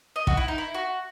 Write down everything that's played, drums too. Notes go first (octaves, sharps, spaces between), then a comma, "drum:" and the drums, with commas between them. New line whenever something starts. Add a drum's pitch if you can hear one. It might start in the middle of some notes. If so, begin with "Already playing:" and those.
D#5
F#4, drum: kick
E4
D#4
E4
F#4